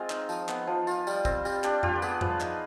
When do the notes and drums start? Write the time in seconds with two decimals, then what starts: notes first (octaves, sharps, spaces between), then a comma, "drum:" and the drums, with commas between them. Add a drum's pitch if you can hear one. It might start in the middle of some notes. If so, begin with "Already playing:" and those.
Already playing: G#3 C4 F4
0.10 D#4, drum: clap
0.29 F3, drum: tambourine
0.49 B3, drum: clap
0.67 F3
0.87 F4, drum: tambourine
1.07 G3, drum: tambourine
1.25 C4, drum: kick, tambourine
1.45 G3, drum: tambourine
1.64 D4 G4, drum: clap
1.83 F4 G4, drum: tom F2
1.96 B4
2.02 B3 G#4, drum: tambourine
2.21 F3 B4, drum: tom F2
2.40 D#4, drum: clap